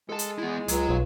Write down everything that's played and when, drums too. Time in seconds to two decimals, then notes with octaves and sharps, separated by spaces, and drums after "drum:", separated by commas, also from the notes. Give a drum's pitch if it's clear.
0.09 G#3 A4 A5
0.19 drum: hi-hat
0.39 B3 E4
0.68 C#2 F#3, drum: hi-hat
0.89 B1 F4